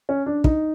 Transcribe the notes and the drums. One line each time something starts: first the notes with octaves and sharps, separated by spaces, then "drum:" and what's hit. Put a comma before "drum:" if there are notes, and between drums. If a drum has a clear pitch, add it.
C#4
D4
D#4, drum: kick